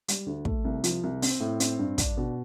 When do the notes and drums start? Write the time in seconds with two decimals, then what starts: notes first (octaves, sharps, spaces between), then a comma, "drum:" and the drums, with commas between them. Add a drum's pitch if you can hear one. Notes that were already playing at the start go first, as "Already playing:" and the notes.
0.08 G3, drum: hi-hat
0.26 D2
0.45 A3, drum: kick
0.64 C2
0.84 F3, drum: hi-hat
1.03 C2
1.22 C4, drum: open hi-hat
1.40 A2
1.60 C4, drum: hi-hat
1.79 G2
1.98 D4, drum: kick, hi-hat
2.17 B2